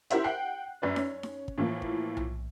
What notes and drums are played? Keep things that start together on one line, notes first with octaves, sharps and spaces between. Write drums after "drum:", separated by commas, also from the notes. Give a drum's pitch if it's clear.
E4 G4 A#4 C5 E5 F#5, drum: hi-hat
F#5 G5 F#6 C7
F#2 B4 D5
C#4, drum: snare D#4
drum: snare D#4
drum: kick
A2 E3 F3 A#3
drum: kick
drum: tom B1